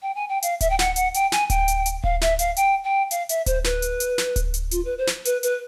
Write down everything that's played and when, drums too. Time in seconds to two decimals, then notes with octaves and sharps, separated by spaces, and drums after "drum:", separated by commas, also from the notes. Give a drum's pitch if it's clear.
0.02 G5
0.16 G#5
0.29 G5
0.42 F5, drum: hi-hat
0.61 E5, drum: kick D1, hi-hat
0.70 G5
0.79 F#5, drum: snare
0.96 F#5, drum: hi-hat
1.14 G5, drum: hi-hat
1.32 G#5, drum: snare
1.50 G5, drum: kick D1, hi-hat
1.68 drum: hi-hat
1.86 drum: hi-hat
2.04 F5, drum: kick D1
2.21 E5, drum: snare
2.39 F5, drum: hi-hat
2.56 G5, drum: hi-hat
2.84 G5
3.11 F5, drum: hi-hat
3.29 E5, drum: hi-hat
3.46 C5, drum: kick D1, hi-hat
3.64 B4, drum: snare
3.82 drum: hi-hat
4.00 drum: hi-hat
4.18 drum: snare
4.36 drum: kick D1, hi-hat
4.54 drum: hi-hat
4.71 F4, drum: hi-hat
4.85 B4
4.98 C5
5.07 drum: snare
5.25 B4, drum: hi-hat
5.43 B4, drum: hi-hat